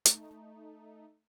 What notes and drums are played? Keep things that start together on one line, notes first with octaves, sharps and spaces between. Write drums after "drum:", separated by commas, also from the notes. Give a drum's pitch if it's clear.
A3 D#4, drum: hi-hat